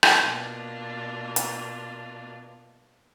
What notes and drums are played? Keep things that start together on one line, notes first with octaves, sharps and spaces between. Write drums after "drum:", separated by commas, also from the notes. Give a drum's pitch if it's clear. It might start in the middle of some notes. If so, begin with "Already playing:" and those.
drum: rim click
B2 A#3 D4 F4
drum: hi-hat